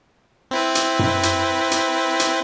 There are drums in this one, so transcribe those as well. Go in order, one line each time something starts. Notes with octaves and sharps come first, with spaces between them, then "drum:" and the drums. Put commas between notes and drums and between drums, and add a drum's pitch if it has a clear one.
C4 E4 B4
drum: hi-hat
drum: tom F#2
drum: hi-hat
drum: hi-hat
drum: hi-hat